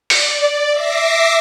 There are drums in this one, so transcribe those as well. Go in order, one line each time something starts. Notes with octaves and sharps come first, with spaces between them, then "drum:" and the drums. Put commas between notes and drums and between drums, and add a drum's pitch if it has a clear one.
D5, drum: open hi-hat
E5 D6 A#6 C7